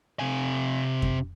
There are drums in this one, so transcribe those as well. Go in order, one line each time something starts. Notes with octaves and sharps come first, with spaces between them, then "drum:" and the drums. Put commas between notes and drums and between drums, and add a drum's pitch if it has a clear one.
C3 G#5
drum: kick F2